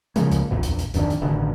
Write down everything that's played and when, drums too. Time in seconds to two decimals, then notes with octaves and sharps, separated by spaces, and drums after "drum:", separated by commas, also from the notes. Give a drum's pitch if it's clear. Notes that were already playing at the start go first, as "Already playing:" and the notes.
0.16 C#3 F3 G#3 A#3, drum: hi-hat
0.31 drum: kick C#2, hi-hat
0.51 A#1 E2 A#2
0.63 drum: kick C#2, hi-hat
0.79 drum: hi-hat
0.94 D1 F2 D#3 D4, drum: hi-hat
1.10 drum: hi-hat
1.21 A1 B2 D3 D#3